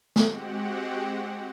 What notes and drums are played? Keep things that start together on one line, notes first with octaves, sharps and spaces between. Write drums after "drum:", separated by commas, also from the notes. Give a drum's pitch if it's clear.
G#3 C4 F#4 G4 F#5, drum: snare